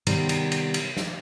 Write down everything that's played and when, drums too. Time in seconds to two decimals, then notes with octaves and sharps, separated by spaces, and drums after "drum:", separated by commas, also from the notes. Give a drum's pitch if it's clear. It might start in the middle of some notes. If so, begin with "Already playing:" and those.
0.07 C3 D#3 G3 B3 A#4, drum: cymbal
0.29 drum: cymbal
0.52 drum: cymbal
0.74 drum: cymbal
0.97 drum: snare